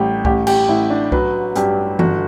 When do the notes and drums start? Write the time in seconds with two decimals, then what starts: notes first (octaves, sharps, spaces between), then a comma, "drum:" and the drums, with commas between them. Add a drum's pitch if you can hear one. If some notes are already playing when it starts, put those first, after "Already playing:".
Already playing: A1 G3 G4
0.25 A1 G4, drum: kick C2
0.47 G4, drum: cymbal
0.68 A1 E4
0.90 D4
1.12 F#3 B4, drum: kick C2
1.56 G2 G4, drum: hi-hat
1.99 G1 F#4, drum: tom E3